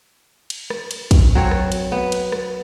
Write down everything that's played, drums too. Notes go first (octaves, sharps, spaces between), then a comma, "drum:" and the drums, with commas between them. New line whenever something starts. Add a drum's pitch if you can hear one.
drum: cymbal
drum: rim click
drum: cymbal
drum: kick, cymbal
F#3 C4 C#5
drum: rim click
drum: cymbal
B3
drum: cymbal
drum: rim click